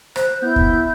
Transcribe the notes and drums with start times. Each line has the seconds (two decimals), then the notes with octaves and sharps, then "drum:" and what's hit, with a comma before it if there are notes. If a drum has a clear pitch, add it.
0.16 C5 F#6, drum: rim click
0.42 B3 E4 G6
0.56 drum: kick